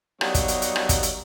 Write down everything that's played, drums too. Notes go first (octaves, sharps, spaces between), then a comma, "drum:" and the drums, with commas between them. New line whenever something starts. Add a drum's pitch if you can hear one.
F#3 G3 A#3 B3 D#4 C#5, drum: rim click
drum: kick, hi-hat
drum: hi-hat
drum: hi-hat
drum: rim click
drum: kick, hi-hat
drum: hi-hat